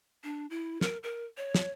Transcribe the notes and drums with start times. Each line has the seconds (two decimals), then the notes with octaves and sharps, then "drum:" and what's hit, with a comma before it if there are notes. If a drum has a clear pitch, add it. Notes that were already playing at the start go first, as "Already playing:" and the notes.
0.24 D4
0.50 E4
0.81 A#4, drum: snare
1.03 A#4
1.37 C#5
1.55 drum: snare